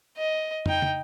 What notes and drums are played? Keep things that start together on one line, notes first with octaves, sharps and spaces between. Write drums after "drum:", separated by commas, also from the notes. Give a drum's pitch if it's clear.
D#5
D#4 G5, drum: tom
drum: tom